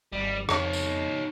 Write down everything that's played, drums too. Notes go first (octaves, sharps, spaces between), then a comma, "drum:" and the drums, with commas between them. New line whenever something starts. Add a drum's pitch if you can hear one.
G#1 G3
F2 D#4 C#5, drum: rim click
drum: tambourine